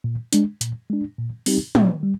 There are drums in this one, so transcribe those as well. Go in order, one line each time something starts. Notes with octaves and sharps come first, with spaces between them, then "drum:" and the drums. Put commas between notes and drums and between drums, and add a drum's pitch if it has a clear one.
A#2
G#3 D4, drum: hi-hat
A#2, drum: hi-hat
G#3 D4
A#2
G3 C4 D#4 G4, drum: open hi-hat
A#2, drum: tom
G3